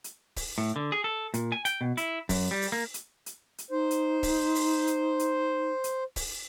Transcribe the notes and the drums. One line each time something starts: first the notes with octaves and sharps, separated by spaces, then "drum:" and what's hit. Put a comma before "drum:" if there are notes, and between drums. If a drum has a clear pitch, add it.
drum: hi-hat
drum: kick, open hi-hat
A2
D3
G#4
A4
A#2, drum: hi-hat
G#5
G5, drum: hi-hat
B2
E4, drum: hi-hat
F#2, drum: kick, open hi-hat
G3
drum: open hi-hat
A#3
drum: hi-hat
drum: hi-hat
drum: hi-hat
D#4 C5
drum: hi-hat
drum: kick, open hi-hat
drum: open hi-hat
drum: hi-hat
drum: hi-hat
drum: hi-hat
drum: kick, open hi-hat